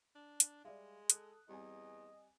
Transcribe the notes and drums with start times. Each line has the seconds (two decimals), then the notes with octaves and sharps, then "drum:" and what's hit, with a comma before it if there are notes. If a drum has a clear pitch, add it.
0.15 D4
0.40 drum: hi-hat
0.65 G3 G#3 D5 E5 F5
1.10 A4 D#6 F#6, drum: hi-hat
1.49 E2 G3 C4 D#5 G#5